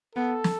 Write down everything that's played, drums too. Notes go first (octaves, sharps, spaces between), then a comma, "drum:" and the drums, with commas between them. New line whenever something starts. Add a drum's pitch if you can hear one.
B3 A4
drum: snare